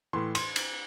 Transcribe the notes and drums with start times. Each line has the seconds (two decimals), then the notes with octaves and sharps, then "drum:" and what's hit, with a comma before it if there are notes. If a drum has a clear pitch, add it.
0.13 A2 E3 C6
0.35 C6, drum: cymbal
0.56 drum: cymbal